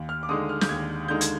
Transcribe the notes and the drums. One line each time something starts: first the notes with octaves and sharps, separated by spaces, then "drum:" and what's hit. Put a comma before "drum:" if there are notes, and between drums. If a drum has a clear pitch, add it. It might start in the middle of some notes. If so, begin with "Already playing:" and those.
Already playing: D#2
F6
D6
D3 G#3 D#4 D#6
F6
G6, drum: snare
D#2 G#6
D3 G#3 D#4 G6
G#6, drum: hi-hat